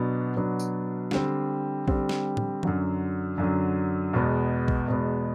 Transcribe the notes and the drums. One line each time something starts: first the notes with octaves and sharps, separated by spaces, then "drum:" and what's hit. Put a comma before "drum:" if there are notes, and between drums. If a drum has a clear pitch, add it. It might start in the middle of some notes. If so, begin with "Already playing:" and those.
Already playing: B2 F#3 B3 D4
B2 F#3 B3 D4
drum: tambourine
D3 G3 C4, drum: snare
D3 G3 C4, drum: kick A#1
drum: snare
drum: tom A2
F#2 D3 F#3, drum: tom D#3
F#2 D3 F#3
E2 B2 G#3 B3
drum: kick A#1
E2 B2 G#3 B3